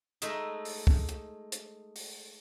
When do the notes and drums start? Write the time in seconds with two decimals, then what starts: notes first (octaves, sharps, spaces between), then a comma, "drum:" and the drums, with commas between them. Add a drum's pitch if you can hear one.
0.22 G#3 A3 D#4 D#5 E5, drum: hi-hat
0.65 drum: open hi-hat
0.87 drum: kick
1.09 drum: hi-hat
1.52 drum: hi-hat
1.96 drum: open hi-hat